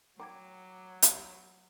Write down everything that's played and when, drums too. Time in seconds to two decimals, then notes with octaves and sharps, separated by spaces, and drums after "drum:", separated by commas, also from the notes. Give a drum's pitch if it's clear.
0.20 F#3 G5 A#5 D6 G#6
1.02 A#5 F#6, drum: hi-hat